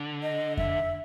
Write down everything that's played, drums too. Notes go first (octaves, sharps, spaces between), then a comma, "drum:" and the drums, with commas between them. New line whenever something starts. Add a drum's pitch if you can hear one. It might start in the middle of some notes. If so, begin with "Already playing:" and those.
Already playing: D3
D#5
E5, drum: kick F2